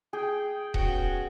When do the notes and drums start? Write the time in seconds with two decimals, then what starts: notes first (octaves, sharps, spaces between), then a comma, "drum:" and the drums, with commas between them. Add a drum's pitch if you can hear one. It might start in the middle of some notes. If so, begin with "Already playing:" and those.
0.13 G#4 G5
0.74 B3 C#4 F#4 G5, drum: kick D#1